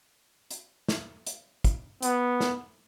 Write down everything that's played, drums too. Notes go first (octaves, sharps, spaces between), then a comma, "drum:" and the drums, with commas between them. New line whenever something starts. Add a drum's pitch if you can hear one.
drum: hi-hat
drum: snare
drum: hi-hat
drum: kick, hi-hat
B3, drum: hi-hat
drum: snare